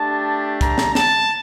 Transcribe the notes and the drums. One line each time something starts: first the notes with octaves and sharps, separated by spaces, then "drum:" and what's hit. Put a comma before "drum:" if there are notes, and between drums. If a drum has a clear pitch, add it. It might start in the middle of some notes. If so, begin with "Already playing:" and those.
Already playing: A3 D4 G4 A5
A#5, drum: kick, hi-hat
drum: snare
A5, drum: snare